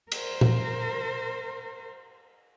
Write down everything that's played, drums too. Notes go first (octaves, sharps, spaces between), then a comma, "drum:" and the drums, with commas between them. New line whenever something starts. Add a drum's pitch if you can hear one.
A#4 C5, drum: cymbal
drum: tom A#2